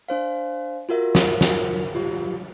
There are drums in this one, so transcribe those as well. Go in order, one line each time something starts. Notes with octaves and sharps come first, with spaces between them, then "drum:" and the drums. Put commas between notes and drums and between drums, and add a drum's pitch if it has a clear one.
D4 C5 F5
F4 F#4 A#4 E5
drum: snare
drum: snare
F4 G4